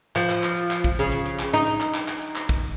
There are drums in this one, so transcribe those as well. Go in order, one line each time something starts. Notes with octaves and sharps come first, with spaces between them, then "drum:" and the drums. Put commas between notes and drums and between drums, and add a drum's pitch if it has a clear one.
F3, drum: clap
drum: clap
drum: clap
drum: hi-hat
drum: clap
drum: kick, hi-hat
C#3, drum: hi-hat
drum: hi-hat
drum: hi-hat
drum: clap
D#4, drum: hi-hat
drum: hi-hat
drum: clap
drum: clap
drum: clap
drum: hi-hat
drum: clap
drum: kick, hi-hat